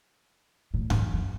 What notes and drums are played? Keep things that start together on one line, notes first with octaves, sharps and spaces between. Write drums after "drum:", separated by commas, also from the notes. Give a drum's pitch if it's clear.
A2
F#2, drum: tom G#2
F#2